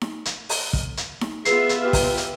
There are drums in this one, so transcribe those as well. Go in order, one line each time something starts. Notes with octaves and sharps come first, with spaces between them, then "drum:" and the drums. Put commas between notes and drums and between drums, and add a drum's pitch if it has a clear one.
drum: snare D#4
drum: hi-hat
drum: open hi-hat
drum: kick
drum: hi-hat
drum: snare D#4
B3 F4 G#4 B4 E5 C7, drum: hi-hat
drum: hi-hat
G4 B4 F6
drum: kick, open hi-hat
drum: hi-hat